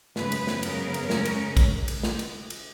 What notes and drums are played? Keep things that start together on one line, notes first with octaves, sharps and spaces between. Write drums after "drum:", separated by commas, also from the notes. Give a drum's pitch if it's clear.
F#2 C#3 G#3 B3 B4, drum: snare
drum: cymbal
drum: snare
F#2 C#3 F#3 B3 A#4, drum: cymbal
drum: cymbal
C#3 G#3 C#4, drum: snare
drum: cymbal
drum: kick, cymbal
drum: cymbal
drum: snare
drum: cymbal
drum: cymbal